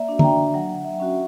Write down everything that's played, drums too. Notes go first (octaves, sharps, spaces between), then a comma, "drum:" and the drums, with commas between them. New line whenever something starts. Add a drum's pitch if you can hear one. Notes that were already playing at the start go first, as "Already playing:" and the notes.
Already playing: A#3 D5 E5
D4 F#4
A#5, drum: tom
G5
F#3 F#5
E5
C#4 F#4